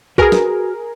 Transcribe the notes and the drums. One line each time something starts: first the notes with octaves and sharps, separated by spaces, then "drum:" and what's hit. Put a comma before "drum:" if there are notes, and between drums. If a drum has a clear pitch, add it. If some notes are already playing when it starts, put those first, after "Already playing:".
F#4 G#4 A#4 B4 G#5, drum: kick
drum: snare